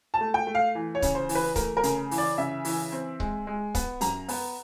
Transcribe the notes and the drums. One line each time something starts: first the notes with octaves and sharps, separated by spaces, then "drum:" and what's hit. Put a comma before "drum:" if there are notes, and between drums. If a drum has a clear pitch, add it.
A5
A3
G5
A3
F5
E3
C#5
C#3, drum: kick C#1, hi-hat
C5
E3, drum: open hi-hat
B4
A3 A#4, drum: kick C#1, hi-hat
A#4
C#3, drum: hi-hat
E3, drum: open hi-hat
D5
C#3 E5
E3, drum: open hi-hat
C4
G#3, drum: kick C#1
G#3
B3, drum: kick C#1, hi-hat
F#2 A#5, drum: hi-hat
B3, drum: open hi-hat